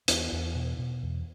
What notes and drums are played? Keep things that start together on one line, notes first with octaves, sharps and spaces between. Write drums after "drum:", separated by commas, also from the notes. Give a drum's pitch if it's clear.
E2 B3, drum: hi-hat
E2
B2
B2
E2